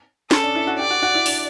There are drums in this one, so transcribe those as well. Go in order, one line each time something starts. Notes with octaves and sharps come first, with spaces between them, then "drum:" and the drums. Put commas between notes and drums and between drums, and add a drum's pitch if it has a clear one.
C#4 A4, drum: snare
D4
E4
F#4
G4 D5
F#4
F#4
E4
D4, drum: open hi-hat